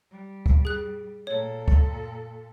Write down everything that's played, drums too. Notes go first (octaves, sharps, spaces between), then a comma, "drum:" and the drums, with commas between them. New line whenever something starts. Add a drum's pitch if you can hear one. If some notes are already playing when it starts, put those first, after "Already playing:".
G3
drum: kick
G#4 F#6
A#2 A4 C#5
drum: kick